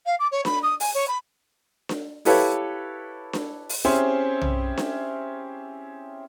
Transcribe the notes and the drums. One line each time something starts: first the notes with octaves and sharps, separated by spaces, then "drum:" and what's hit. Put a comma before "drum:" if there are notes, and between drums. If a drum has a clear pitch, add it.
F5
D6
C#5
B5, drum: snare D4
D#6
G#5, drum: open hi-hat
C#5
B5
drum: snare D4
E4 G4 A4 B4 C#5 F5, drum: open hi-hat
drum: snare D4
drum: open hi-hat
C4 C#4 E4 G4 G#4 C5
drum: tom B1
drum: snare D4